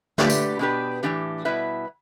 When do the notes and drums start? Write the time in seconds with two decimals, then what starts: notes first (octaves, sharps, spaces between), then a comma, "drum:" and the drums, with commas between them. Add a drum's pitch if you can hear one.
0.18 D3 A3 G4 B4 D5, drum: snare
0.30 drum: tambourine
0.59 B2 B3 D4 G4 B4
1.03 A2 E3 B3 D4 G4
1.45 B2 G3 E4 B4 E5